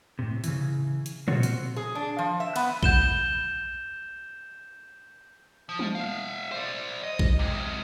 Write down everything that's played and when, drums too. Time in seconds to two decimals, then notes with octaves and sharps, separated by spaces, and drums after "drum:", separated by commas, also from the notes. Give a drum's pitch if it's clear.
0.19 A2 C3
0.44 C#3 E3, drum: hi-hat
1.06 drum: hi-hat
1.28 C4 F4 F#4 C5 C#5, drum: tom A#2
1.43 drum: hi-hat
1.76 G#4
1.95 D4
2.19 F3
2.40 E5
2.56 B3, drum: cymbal
2.83 G6 E7 G7, drum: kick A#1
5.69 F3
5.79 drum: tom G3
5.95 E5 F5
6.52 C5 D5
7.03 D#5
7.19 drum: kick A#1
7.39 C3 G#3